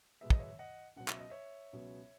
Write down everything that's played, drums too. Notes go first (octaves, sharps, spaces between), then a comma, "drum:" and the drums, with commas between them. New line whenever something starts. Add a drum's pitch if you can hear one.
B2 G#3 B3 E5
D#5, drum: kick
C#5 E5
D#5 F#5
C#2 B2 F#3 F#5
E5, drum: clap
D#5
C#5 E5
C#2 B2 F#3 B3